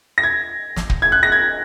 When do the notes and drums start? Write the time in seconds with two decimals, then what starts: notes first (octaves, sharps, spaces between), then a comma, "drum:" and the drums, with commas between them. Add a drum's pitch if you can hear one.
0.18 A#6
0.23 G#6
0.76 drum: snare
0.90 drum: kick
1.02 G#6
1.12 F#6
1.23 A#6
1.32 G#6